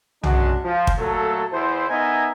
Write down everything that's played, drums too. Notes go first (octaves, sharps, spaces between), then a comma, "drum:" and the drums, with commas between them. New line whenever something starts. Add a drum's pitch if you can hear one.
F#2 G#3 C#4 D4 F#4, drum: tom
F3
drum: kick
A#2 F#3 A3 A4
E2 E4 C5
B3 D#4 A#4 D#5 E5 G#5